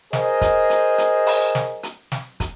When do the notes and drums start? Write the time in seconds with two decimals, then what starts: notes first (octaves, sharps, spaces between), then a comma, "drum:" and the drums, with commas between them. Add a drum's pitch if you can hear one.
0.13 G#4 A#4 C5 D#5, drum: snare
0.41 drum: kick, hi-hat
0.70 drum: hi-hat
0.98 drum: hi-hat
1.26 drum: open hi-hat
1.55 drum: snare
1.83 drum: hi-hat
2.12 drum: snare
2.40 drum: kick, hi-hat